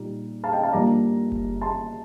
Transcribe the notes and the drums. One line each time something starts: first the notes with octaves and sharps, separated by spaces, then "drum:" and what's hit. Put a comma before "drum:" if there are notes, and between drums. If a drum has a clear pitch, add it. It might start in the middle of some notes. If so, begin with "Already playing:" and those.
Already playing: A#2 G3 D#4
F5 A5
D#5 G5
F5 A5
G2 F3 A#3 D4 A#5 D6
drum: kick F#1
A5 C6